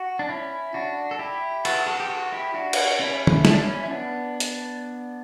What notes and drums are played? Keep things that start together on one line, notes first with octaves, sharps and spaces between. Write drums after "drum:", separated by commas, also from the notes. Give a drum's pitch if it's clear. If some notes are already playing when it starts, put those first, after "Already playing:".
Already playing: F#4
D4
C#4 E4
D4 F#4
A4
E4 G4
F#4 A4, drum: cymbal
F#4 A4
G4
F#4 A4
E4 G4
D4 F#4
drum: cymbal
C#4 E4
drum: tom
E4, drum: snare
D4
C#4 E4
E4
B3 D4
drum: hi-hat